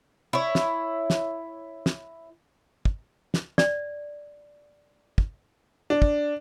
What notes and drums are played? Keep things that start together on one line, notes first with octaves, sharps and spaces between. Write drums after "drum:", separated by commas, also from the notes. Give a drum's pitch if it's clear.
E4 C#5
drum: snare
drum: snare
drum: snare
drum: kick
drum: snare
D5, drum: snare
drum: kick
D4
drum: kick